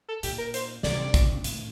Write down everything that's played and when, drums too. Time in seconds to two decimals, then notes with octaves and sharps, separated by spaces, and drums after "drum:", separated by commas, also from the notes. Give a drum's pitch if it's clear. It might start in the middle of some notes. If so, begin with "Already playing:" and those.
0.08 A4
0.23 A#2 G4, drum: hi-hat
0.38 A#4
0.54 C5, drum: hi-hat
0.83 C3 D5, drum: snare
1.14 drum: kick, hi-hat
1.44 A2, drum: hi-hat